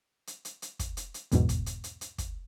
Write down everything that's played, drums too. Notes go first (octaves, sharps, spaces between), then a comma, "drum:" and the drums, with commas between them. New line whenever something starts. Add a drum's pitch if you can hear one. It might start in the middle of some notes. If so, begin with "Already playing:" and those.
drum: hi-hat
drum: hi-hat
drum: hi-hat
drum: kick, hi-hat
drum: hi-hat
drum: hi-hat
B1 E2 G#2 B2, drum: hi-hat
drum: kick, hi-hat
drum: hi-hat
drum: hi-hat
drum: hi-hat
drum: kick, hi-hat